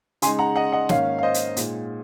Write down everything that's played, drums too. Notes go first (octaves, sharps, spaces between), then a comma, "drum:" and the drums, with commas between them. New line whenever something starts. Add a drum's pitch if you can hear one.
C#3 G#3 D#4 G#5 C6, drum: hi-hat
F#5 A#5
D#5 F#5
D#5 F#5
G#2 D#3 A#3 C#4 C#5 F5, drum: snare
F5
C5 D#5
drum: hi-hat
A#2 G#3 D#4, drum: hi-hat